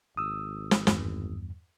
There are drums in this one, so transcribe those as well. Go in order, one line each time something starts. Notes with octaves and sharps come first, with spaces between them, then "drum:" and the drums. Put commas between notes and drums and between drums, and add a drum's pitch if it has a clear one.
G#1 D#6 E6
drum: snare
E2 G2 G3, drum: snare